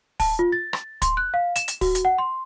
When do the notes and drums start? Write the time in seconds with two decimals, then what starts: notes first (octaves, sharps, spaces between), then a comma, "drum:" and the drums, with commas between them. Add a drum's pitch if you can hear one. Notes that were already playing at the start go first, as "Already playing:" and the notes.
0.20 A5, drum: kick, open hi-hat
0.39 F4
0.52 A6
0.73 drum: rim click
1.02 C6, drum: kick, hi-hat
1.17 F#6
1.34 F5
1.56 E7, drum: hi-hat
1.68 drum: hi-hat
1.81 F#4, drum: kick, open hi-hat
1.95 drum: hi-hat
2.05 F#5
2.18 C6